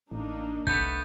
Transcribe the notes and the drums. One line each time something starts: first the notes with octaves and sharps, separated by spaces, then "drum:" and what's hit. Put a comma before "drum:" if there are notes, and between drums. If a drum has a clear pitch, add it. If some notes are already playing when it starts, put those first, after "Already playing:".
A1 A#3 D4 D#4
C2 A3 B3 G6, drum: kick